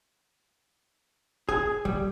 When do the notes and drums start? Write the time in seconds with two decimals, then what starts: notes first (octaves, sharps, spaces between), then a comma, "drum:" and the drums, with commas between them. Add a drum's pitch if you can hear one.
1.49 G#4, drum: kick
1.85 G3, drum: kick